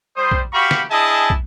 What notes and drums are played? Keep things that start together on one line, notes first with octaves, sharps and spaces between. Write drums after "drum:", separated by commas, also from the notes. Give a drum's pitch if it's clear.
G3 C5 D#6
drum: kick
F#4 G4 F5 B5 C#6
drum: snare
D4 E4 G#4 D#5 G#5 A5
drum: kick